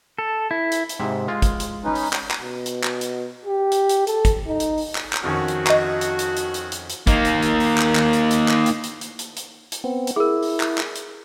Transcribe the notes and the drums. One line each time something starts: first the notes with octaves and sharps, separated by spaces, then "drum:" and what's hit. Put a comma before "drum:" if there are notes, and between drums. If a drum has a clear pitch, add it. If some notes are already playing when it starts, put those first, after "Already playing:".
A4
E4
drum: hi-hat
drum: hi-hat
G#2 C3 E5
G#3 F4
drum: kick, hi-hat
drum: hi-hat
C#4 D#4 B4
drum: open hi-hat
drum: clap
drum: clap
B2
drum: hi-hat
drum: clap
drum: hi-hat
G4
drum: hi-hat
drum: hi-hat
A4, drum: hi-hat
drum: kick, hi-hat
D#4
drum: hi-hat
drum: open hi-hat
drum: clap
drum: clap
F2 D#3 C#4 F#4
drum: hi-hat
D#5 C#6, drum: clap
drum: hi-hat
drum: hi-hat
drum: hi-hat
drum: hi-hat
drum: hi-hat
drum: hi-hat
A#3 D#4, drum: kick, hi-hat
drum: hi-hat
drum: hi-hat
drum: open hi-hat
drum: clap
drum: clap
drum: hi-hat
drum: hi-hat
drum: clap
drum: hi-hat
drum: hi-hat
drum: hi-hat
drum: hi-hat
drum: hi-hat
drum: hi-hat
B3 C4
drum: hi-hat
E4 G#4 A#4
drum: open hi-hat
drum: clap
drum: clap
drum: hi-hat